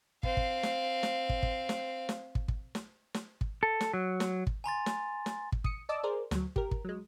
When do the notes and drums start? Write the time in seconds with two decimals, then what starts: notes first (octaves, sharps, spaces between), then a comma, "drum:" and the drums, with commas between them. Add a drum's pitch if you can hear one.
0.23 C4 F5, drum: kick
0.37 drum: kick
0.63 drum: snare
1.03 drum: snare
1.29 drum: kick
1.43 drum: kick
1.69 drum: snare
2.09 drum: snare
2.35 drum: kick
2.48 drum: kick
2.75 drum: snare
3.14 drum: snare
3.41 drum: kick
3.63 A4
3.81 drum: snare
3.94 F#3
4.20 drum: snare
4.47 drum: kick
4.64 G#5 A#5 C6 A6
4.86 drum: snare
5.26 drum: snare
5.52 drum: kick
5.64 D#6 C#7, drum: kick
5.89 D5 D#5 A5 D6 E6
6.03 G#4 A#4 C5 D5
6.31 D2 F#3, drum: snare
6.56 G4 A#4, drum: kick
6.71 drum: kick
6.85 F#3 G#3